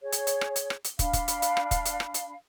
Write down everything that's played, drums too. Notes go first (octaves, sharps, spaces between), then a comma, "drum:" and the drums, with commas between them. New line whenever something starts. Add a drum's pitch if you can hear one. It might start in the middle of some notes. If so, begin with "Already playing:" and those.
G#4 C#5
drum: hi-hat
drum: hi-hat
drum: rim click
drum: hi-hat
drum: rim click
drum: hi-hat
D4 F5 B5, drum: kick, hi-hat
drum: kick, hi-hat
drum: hi-hat
drum: hi-hat
drum: rim click
drum: kick, hi-hat
drum: hi-hat
drum: rim click
drum: hi-hat